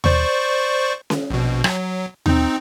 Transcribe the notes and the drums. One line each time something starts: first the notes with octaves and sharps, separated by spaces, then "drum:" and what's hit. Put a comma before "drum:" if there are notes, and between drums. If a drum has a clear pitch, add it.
C5 D5 C#6, drum: tom D#2
drum: snare C#4
A#1 B2
F#3, drum: rim click
C4 D#4, drum: tom D#2